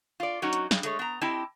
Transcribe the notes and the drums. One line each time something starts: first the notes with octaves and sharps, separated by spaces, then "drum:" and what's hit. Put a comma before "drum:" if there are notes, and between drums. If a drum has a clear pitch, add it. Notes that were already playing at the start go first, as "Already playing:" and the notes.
F4 D5
F#3 C#4 D#4 F#4
drum: hi-hat
G2 G#3, drum: snare
G#3 A3 C#5, drum: hi-hat
B3 A#5
C4 E4 G4 D#5 A5